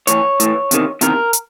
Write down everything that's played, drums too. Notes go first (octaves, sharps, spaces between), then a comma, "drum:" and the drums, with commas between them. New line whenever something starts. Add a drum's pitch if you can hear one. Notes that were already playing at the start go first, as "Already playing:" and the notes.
A2 E3 C#5, drum: hi-hat
A2 E3, drum: hi-hat
E2 C3 D#3, drum: hi-hat
E2 C3 D#3 A#4, drum: hi-hat
drum: hi-hat